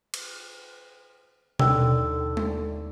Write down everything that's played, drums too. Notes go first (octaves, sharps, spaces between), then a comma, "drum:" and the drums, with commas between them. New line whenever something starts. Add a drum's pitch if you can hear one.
drum: cymbal
D#2 D3 G5 E6, drum: tom B2
drum: tom G#3